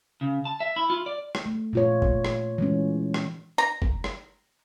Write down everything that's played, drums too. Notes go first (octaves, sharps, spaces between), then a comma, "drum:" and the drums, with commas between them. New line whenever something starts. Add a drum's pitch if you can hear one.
C#3
A5
E5
E4
F4
D5
drum: rim click
A3
A#2 F4 C#5
drum: kick
drum: rim click
E3 G#3 C#4
drum: rim click
A#5
drum: kick
drum: rim click